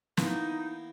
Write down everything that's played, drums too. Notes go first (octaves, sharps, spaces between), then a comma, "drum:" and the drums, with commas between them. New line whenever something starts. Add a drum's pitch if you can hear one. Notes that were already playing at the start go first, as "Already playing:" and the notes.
E3 A#3 B3 D#4, drum: snare